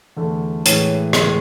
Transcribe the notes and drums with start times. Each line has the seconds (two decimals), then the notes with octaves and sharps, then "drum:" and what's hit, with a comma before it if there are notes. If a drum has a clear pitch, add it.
0.17 E2 D3 A3
0.66 A2 E3 G#3 C#5, drum: hi-hat
1.13 A2 E3 G#3, drum: rim click